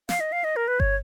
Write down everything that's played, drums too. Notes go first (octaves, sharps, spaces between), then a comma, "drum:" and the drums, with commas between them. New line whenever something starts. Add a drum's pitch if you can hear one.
F5, drum: snare
D#5
F5
D#5
A#4
B4
C#5, drum: kick G1